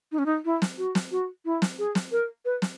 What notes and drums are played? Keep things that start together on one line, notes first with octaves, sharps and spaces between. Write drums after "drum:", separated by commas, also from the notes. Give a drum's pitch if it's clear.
D#4
C#4
D#4
E4
drum: snare
F#4
drum: snare
F#4
E4
drum: snare
G#4
drum: snare
A#4
B4
drum: snare